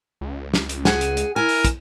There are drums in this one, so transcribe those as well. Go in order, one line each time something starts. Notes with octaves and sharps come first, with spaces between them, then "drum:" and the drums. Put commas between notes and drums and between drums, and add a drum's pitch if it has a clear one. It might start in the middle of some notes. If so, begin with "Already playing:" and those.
C#2
drum: snare
drum: hi-hat
G#4 F#5 G#5, drum: snare
drum: hi-hat
drum: hi-hat
E4 A#4 G#5
drum: open hi-hat
drum: kick, hi-hat